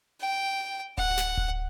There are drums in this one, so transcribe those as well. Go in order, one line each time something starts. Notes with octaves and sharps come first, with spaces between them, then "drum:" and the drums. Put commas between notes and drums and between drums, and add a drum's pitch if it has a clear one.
G5
F#5, drum: kick D1
drum: snare
drum: kick D1